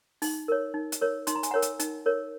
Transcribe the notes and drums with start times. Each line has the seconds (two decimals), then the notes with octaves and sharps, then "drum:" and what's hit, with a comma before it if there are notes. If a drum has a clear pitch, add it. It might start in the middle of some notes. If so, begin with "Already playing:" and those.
0.22 D#4, drum: open hi-hat
0.48 A#4 C#5
0.74 D#4
0.92 drum: hi-hat
1.01 A#4 C#5
1.27 D#4 C6, drum: hi-hat
1.35 A#5
1.43 G#5, drum: hi-hat
1.51 A#4 C#5 F#5 A#5
1.62 drum: hi-hat
1.79 D#4, drum: hi-hat
2.06 A#4 C#5